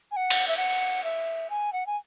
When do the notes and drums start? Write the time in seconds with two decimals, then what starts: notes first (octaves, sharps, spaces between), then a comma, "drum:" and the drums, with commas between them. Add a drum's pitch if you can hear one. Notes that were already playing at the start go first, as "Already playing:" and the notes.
0.11 G#5
0.16 F#5
0.30 drum: cymbal
0.48 E5
0.57 F#5
1.04 E5
1.50 G#5
1.73 F#5
1.86 G#5